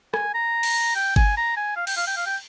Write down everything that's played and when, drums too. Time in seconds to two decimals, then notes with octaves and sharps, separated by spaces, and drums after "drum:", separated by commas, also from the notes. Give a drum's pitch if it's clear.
0.14 G#5, drum: rim click
0.34 A#5
0.63 drum: cymbal
0.95 G5
1.16 G#5, drum: kick G1
1.37 A#5
1.57 G#5
1.77 F5
1.87 G5, drum: cymbal
1.97 F5
2.07 G5
2.17 F5
2.26 G5